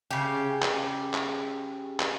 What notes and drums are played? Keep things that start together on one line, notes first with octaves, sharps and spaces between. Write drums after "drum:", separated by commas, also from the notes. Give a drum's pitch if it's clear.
C#3 G4
drum: clap
drum: clap
drum: clap